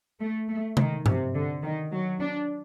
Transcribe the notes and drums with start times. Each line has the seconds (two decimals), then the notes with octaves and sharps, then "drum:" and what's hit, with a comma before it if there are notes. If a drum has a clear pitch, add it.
0.20 A3
0.49 A3
0.77 D#3, drum: tom C3
1.06 C3, drum: tom G2
1.34 D3
1.62 D#3
1.91 F#3
2.20 D4